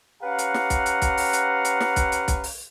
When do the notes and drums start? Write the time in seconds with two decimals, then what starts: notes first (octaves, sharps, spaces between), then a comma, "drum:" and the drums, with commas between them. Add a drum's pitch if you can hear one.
0.23 C#4 G4 B4 F5 F#5 A#5
0.39 drum: hi-hat
0.54 drum: snare
0.70 drum: kick B1, hi-hat
0.86 drum: hi-hat
1.02 drum: kick B1, hi-hat
1.17 drum: open hi-hat
1.33 drum: hi-hat
1.65 drum: hi-hat
1.81 drum: snare
1.96 drum: kick B1, hi-hat
2.12 drum: hi-hat
2.28 drum: kick B1, hi-hat
2.44 drum: open hi-hat